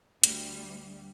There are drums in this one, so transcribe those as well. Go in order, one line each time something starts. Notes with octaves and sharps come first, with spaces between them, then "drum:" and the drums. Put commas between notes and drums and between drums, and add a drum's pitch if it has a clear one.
D2 G3, drum: hi-hat